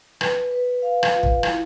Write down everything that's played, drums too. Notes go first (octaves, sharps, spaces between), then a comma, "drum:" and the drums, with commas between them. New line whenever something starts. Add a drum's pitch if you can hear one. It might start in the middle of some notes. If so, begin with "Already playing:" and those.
B4, drum: rim click
B4
F5
drum: rim click
F4
drum: kick
E4, drum: rim click